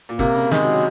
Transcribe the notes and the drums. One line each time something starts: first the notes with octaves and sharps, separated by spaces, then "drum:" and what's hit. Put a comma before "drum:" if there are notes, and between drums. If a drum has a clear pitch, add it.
A#2
C3 A#3, drum: kick
C#3
D#3 G#3, drum: snare
F#3
F#3